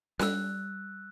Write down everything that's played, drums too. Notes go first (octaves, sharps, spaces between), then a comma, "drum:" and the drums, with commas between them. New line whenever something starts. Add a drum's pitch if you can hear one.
G3 E6 F#6, drum: snare